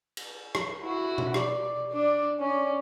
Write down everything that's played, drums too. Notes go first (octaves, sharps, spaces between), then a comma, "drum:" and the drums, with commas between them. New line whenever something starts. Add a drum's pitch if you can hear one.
drum: cymbal
drum: rim click
E4 F#4
drum: tom B2
D5, drum: rim click
D4 D5
C#4 D5